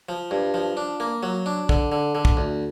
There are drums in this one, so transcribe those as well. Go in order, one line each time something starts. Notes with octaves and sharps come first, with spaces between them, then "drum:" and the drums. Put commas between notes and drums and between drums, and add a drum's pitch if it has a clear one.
F3
G2
F3
D4
A#3
F#3
D4
D3, drum: kick
D3
D3
drum: kick
D2